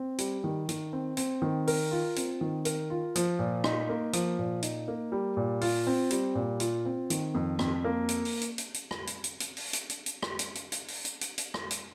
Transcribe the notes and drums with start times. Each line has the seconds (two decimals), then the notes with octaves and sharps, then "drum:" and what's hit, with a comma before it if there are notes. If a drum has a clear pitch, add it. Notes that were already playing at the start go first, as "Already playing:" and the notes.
Already playing: C4
0.18 G3, drum: hi-hat
0.44 D#3
0.69 D#3, drum: hi-hat
0.93 C4
1.17 C4, drum: hi-hat
1.42 D#3
1.67 A#4, drum: open hi-hat
1.91 F4
2.16 C4, drum: hi-hat
2.41 D#3
2.65 A#4, drum: hi-hat
2.90 F4
3.16 F3, drum: hi-hat
3.39 A#2
3.64 D#4, drum: rim click
3.89 A#3
4.13 F3, drum: hi-hat
4.39 A#2
4.63 D#4, drum: hi-hat
4.88 A#3
5.12 G3
5.37 A#2
5.61 F4, drum: open hi-hat
5.87 C4
6.11 G3, drum: hi-hat
6.35 A#2
6.60 F4, drum: hi-hat
6.86 C4
7.10 D#3, drum: hi-hat
7.35 F2
7.59 F2, drum: rim click
7.84 A#3
8.09 drum: hi-hat
8.25 drum: open hi-hat
8.41 drum: hi-hat
8.58 drum: hi-hat
8.74 drum: hi-hat
8.91 drum: rim click
9.07 drum: hi-hat
9.24 drum: hi-hat
9.40 drum: hi-hat
9.57 drum: open hi-hat
9.73 drum: hi-hat
9.90 drum: hi-hat
10.06 drum: hi-hat
10.22 drum: rim click
10.39 drum: hi-hat
10.55 drum: hi-hat
10.72 drum: hi-hat
10.88 drum: open hi-hat
11.05 drum: hi-hat
11.21 drum: hi-hat
11.38 drum: hi-hat
11.54 drum: rim click
11.71 drum: hi-hat